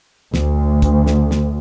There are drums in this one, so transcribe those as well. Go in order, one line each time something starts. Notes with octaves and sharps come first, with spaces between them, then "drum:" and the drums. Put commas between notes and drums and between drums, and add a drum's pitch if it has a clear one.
D2, drum: snare
drum: kick, hi-hat
drum: snare
drum: snare